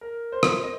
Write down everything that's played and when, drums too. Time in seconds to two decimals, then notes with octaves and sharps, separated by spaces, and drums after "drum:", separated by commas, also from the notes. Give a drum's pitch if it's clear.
0.01 A#4
0.32 C5
0.43 drum: rim click
0.63 D#5